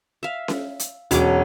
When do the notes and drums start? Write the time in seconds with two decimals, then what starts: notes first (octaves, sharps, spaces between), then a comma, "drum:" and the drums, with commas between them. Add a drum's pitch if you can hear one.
0.23 E5 F5
0.48 drum: snare C#4
0.79 drum: hi-hat
1.11 E1 F#3 C#4 D4 D6, drum: hi-hat